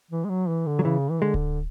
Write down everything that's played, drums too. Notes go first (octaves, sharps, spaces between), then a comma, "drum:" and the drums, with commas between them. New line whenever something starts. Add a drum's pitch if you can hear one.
E3
G#3
F#3
E3
D3
F#3
C#3 E3
E3
D3 G#3
drum: kick D1